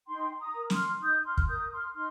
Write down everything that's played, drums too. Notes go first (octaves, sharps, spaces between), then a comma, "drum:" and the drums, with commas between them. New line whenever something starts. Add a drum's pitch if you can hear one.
D#4 G5 C6
A#5 D#6
A#4
C6 F6, drum: snare
D#4 D#6 G6
C6 F6
drum: kick
A#4 D#6 G6
C6 F6
D#4 C6 F6